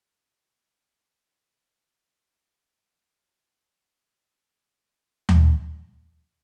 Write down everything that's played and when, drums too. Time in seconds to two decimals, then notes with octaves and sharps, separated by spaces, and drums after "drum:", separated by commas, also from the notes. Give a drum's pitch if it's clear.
0.16 B1 F#2 F#3 F#4 A#5
1.57 B3 E5 G#5
1.99 B3
2.54 A#4 C5 D#5
2.92 A#3 D#4 G#4 C5
4.00 G#4 D5 G#5 B5 D6 D#6
4.53 B6 C#7 D7
4.82 F#4 F5
5.29 drum: tom D#2
5.67 G2 A#4 C5 A#5
6.19 G#6